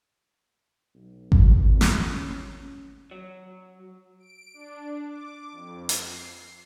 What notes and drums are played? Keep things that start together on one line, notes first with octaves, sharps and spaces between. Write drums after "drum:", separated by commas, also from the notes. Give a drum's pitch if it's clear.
B1
C#2, drum: kick G#1
F2
drum: snare
C#4
F#3
D7
D4
D6
F2
drum: hi-hat
C7